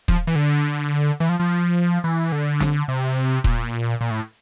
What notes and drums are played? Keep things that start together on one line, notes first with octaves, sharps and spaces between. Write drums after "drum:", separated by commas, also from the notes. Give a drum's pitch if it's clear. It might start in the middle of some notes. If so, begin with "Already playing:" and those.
F3, drum: kick D#1
E3
D3
E3
F3
F3
E3
D3
drum: snare
C3
A#2, drum: kick D#1
A#2
A2